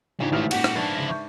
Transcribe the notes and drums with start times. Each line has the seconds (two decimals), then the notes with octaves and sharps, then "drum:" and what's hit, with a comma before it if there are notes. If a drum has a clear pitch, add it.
0.20 G#2 C#3 D4 F4 G4
0.32 A1 D#3 A3 E4 F6
0.51 A#2 C#4 F#4 G4 F#5, drum: cymbal
0.64 drum: rim click
0.75 F3 D4 E4 B4 C#6 A6 C7
0.96 C#3 E5 A#6
1.08 E5 C#6 G6